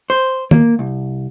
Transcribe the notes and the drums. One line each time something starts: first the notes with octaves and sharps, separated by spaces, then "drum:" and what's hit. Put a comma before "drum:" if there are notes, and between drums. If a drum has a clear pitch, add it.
C5
A#3, drum: tom
C2